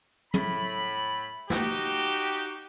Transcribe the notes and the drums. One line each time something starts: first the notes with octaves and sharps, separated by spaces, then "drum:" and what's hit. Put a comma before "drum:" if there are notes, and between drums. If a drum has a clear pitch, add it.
A2 B5, drum: tom
D#4 F#4 G4, drum: snare